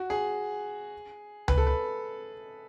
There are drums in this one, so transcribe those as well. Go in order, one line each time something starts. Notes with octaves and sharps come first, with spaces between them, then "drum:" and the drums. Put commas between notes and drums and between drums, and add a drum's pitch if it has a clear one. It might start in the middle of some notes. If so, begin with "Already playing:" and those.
Already playing: F#4
G#4
B4, drum: tom C#2
A4
B4